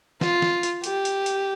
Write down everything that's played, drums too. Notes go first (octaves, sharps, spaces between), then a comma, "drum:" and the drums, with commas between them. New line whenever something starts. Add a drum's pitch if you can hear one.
F4, drum: snare
drum: snare
drum: hi-hat
G4, drum: hi-hat
drum: hi-hat
drum: hi-hat